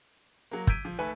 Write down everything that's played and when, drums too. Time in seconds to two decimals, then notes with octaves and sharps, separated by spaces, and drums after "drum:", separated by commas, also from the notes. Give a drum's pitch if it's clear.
0.51 F#3 A#3
0.67 E6 G6 G#6 B6 D7 D#7, drum: kick
0.85 F3
0.98 D#2 A3 B4 G#5